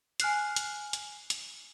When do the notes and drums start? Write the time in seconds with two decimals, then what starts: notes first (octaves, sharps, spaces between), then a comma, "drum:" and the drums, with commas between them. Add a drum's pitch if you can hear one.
0.20 G#5 F6 F#6 C7, drum: hi-hat
0.56 drum: hi-hat
0.93 drum: hi-hat
1.30 drum: hi-hat